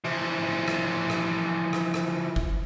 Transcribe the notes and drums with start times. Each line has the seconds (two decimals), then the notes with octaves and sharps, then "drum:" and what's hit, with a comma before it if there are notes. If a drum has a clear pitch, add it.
0.05 E3 F3
0.68 drum: rim click
1.10 drum: rim click
1.73 drum: rim click
1.94 drum: rim click
2.36 drum: kick F#1